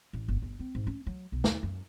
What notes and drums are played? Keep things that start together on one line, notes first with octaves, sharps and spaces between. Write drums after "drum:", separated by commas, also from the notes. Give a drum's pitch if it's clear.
A1
G1
G1
C4
G#2
C#4
F#3
B1
D#2, drum: snare
F#2